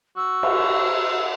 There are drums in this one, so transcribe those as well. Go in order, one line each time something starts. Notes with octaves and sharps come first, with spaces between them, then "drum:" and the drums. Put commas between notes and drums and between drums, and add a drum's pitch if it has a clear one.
F#4 E6
drum: cymbal